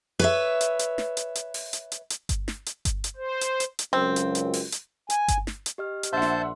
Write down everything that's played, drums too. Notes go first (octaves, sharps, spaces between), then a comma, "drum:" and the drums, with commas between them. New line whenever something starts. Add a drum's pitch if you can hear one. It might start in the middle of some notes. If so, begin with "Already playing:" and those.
B4 C#5 E5
drum: hi-hat
drum: hi-hat
drum: snare
drum: hi-hat
drum: hi-hat
drum: open hi-hat
drum: hi-hat
drum: hi-hat
drum: hi-hat
drum: kick G1, hi-hat
drum: snare
drum: hi-hat
drum: kick G1, hi-hat
drum: hi-hat
C5
drum: hi-hat
drum: hi-hat
drum: hi-hat
C#2 F#2 C4
drum: hi-hat
drum: hi-hat
drum: open hi-hat
drum: hi-hat
G#5, drum: hi-hat
drum: kick G1, hi-hat
drum: snare
drum: hi-hat
G4 D#5 F6
drum: hi-hat
A#1 D4 C5 E5 F#5 A5 C6 G6
drum: snare